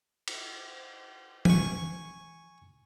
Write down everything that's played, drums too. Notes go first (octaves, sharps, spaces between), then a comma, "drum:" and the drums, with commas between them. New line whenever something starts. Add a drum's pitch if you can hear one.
drum: cymbal
G#5 C#6, drum: tom E3